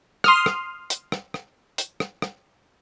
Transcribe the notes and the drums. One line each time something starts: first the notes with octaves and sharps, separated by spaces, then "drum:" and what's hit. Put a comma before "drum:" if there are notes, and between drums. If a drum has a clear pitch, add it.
C6 D#6 F6, drum: rim click
drum: rim click
drum: hi-hat
drum: rim click
drum: rim click
drum: hi-hat
drum: rim click
drum: rim click